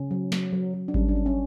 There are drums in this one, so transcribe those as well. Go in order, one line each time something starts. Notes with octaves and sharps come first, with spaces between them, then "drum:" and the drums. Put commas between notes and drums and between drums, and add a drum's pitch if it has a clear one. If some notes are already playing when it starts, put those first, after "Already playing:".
Already playing: C#3 C#4
F#3
F#3, drum: snare
F#3
F#3
D4
G3 C#4, drum: kick G#1
D4
C#4
C#4